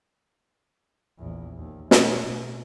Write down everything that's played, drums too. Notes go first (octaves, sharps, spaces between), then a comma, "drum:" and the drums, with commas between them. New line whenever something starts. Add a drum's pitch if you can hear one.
A#1 E2
D#2
B2 A3, drum: snare
B2